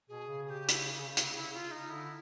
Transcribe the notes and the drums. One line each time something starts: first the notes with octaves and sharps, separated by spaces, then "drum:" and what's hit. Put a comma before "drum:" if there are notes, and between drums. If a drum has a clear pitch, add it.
B2 G#4
C#3
G#4
G4
E4, drum: hi-hat
E4, drum: hi-hat
E4
F4
D#4
D3 E4